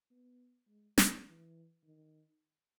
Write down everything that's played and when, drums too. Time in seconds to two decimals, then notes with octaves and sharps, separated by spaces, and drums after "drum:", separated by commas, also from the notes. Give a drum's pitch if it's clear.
0.11 B3
0.68 G#3
0.98 F#3, drum: snare
1.26 E3
1.84 D#3